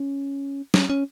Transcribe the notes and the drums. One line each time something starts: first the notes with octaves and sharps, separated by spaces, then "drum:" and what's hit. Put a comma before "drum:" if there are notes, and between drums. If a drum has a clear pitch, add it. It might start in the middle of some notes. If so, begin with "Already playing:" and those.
Already playing: C#4
C#4, drum: snare
C#4